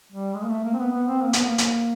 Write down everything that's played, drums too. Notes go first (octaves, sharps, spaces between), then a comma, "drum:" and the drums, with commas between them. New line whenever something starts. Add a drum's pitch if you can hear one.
G3
G#3
A#3
A3
A#3
C4
B3
B3
C4
A#3
B3, drum: hi-hat
A#3
drum: hi-hat